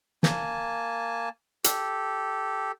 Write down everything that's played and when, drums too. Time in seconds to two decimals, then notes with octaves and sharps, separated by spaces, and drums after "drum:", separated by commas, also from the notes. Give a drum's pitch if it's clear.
0.23 A#3 G#5 A5, drum: snare
1.64 G4 A4, drum: hi-hat